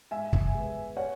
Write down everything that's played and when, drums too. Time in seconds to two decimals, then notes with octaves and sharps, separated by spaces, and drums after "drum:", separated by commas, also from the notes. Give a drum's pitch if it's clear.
0.11 G#2 E5 G#5
0.33 drum: kick
0.54 G#3 B3
0.97 C#5 F#5